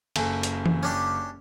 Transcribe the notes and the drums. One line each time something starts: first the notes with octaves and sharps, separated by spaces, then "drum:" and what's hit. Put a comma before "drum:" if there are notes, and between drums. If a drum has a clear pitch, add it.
F#1 A4 G#5, drum: cymbal
drum: hi-hat
drum: tom E3
C#4 D4 G4